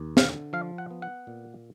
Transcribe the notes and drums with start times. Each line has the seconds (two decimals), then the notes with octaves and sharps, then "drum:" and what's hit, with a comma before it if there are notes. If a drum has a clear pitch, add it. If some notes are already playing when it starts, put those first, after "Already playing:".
Already playing: D#2
0.17 D3 F5, drum: snare
0.53 F3 F5
0.78 F#5
0.91 B3
1.02 F#5
1.27 A#2